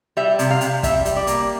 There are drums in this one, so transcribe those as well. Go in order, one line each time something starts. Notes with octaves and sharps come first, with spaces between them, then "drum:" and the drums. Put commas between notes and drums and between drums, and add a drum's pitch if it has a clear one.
G3 E5
C3, drum: hi-hat
F5
C3, drum: hi-hat
G3 E5, drum: kick, hi-hat
G3, drum: hi-hat
D5
A#3, drum: hi-hat